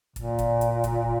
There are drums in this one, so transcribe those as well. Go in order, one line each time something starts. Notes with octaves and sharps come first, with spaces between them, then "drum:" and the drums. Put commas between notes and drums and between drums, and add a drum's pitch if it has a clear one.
A#2, drum: kick, hi-hat
drum: kick, hi-hat
drum: hi-hat
drum: kick, hi-hat